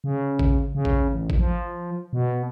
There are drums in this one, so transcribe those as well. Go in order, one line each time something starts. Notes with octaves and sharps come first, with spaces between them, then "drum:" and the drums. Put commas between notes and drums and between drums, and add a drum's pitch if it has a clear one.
C#3
drum: kick
C#3
drum: kick
A1
drum: kick
F3
B2